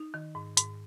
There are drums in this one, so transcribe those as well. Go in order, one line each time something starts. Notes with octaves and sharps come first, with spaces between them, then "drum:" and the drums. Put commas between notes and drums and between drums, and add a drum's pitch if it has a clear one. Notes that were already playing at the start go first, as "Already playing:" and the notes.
Already playing: D#4
D#3
G#2
G#2, drum: hi-hat